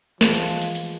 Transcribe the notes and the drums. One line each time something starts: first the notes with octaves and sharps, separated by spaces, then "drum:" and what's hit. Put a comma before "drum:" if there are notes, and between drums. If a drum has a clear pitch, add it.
E3 F3 G#3 B4, drum: snare
drum: hi-hat
drum: hi-hat
drum: hi-hat
drum: hi-hat